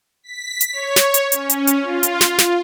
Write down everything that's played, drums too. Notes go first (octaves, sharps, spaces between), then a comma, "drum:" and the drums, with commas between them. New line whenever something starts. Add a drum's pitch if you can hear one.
B6
drum: hi-hat
C#5
drum: snare
drum: hi-hat
C#4, drum: hi-hat
drum: hi-hat
drum: hi-hat
F4
drum: hi-hat
drum: snare
drum: snare